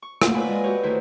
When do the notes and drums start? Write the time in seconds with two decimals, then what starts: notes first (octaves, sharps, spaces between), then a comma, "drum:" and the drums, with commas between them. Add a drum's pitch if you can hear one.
0.02 C#6
0.22 A3 A#3 D#4 F4 F#5, drum: rim click
0.35 B4 C#5 D5 G#5 B5
0.48 G#3 D#5 G#5
0.64 F#4 G4 C#5
0.83 D2 D#3 E4 C5